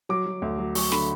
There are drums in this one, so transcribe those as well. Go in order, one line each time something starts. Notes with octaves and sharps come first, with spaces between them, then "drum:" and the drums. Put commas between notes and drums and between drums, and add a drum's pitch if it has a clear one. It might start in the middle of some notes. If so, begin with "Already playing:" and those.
F#3 D6
F#3
D2
F#3
F#3 C#6, drum: open hi-hat
D3 B5, drum: snare